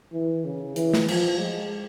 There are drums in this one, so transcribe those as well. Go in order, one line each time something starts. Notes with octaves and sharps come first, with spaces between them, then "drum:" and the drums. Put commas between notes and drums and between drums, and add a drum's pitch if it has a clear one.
E3
C#3
E3, drum: hi-hat
drum: snare
F3, drum: cymbal
G#3